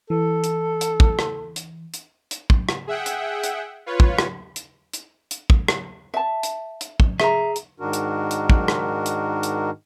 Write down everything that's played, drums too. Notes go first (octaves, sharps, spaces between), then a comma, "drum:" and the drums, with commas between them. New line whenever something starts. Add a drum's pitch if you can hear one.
E3 A4
drum: hi-hat
drum: hi-hat
drum: kick
drum: rim click
drum: hi-hat
drum: hi-hat
drum: hi-hat
drum: kick
drum: rim click
G#4 E5 F#5 G5
drum: hi-hat
drum: hi-hat
F4 B4 C#5
drum: kick
drum: rim click
drum: hi-hat
drum: hi-hat
drum: hi-hat
drum: kick
drum: rim click
E5 A5
drum: hi-hat
drum: hi-hat
drum: kick
G#4 E5 A#5, drum: rim click
drum: hi-hat
G#2 D#3 D4 F#4 A#4
drum: hi-hat
drum: hi-hat
drum: kick
drum: rim click
drum: hi-hat
drum: hi-hat